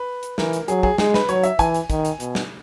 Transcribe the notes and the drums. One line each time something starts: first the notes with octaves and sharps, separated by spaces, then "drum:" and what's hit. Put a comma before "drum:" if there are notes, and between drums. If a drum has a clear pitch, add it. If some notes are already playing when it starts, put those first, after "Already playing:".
Already playing: B4
drum: hi-hat
E3 A#4, drum: snare
drum: hi-hat
F#3 G#4, drum: hi-hat
G#4, drum: kick
G#3 G#4, drum: snare
B4, drum: snare
F#3 C#5, drum: hi-hat
E5, drum: hi-hat
E3 G#5, drum: kick, hi-hat
drum: hi-hat
D#3, drum: kick, hi-hat
drum: hi-hat
B2, drum: hi-hat
drum: snare